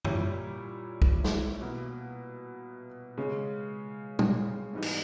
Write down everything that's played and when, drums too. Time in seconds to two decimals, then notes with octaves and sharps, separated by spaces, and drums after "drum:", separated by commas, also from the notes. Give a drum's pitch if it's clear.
0.05 A#2 G3 C#4 E4, drum: tom F#2
1.02 drum: kick
1.24 drum: snare
1.61 B2 A#3 E4
3.18 C#3 G#3 C#4
4.19 drum: tom
4.73 G#2 E3 G3 B3 D#4
4.82 drum: cymbal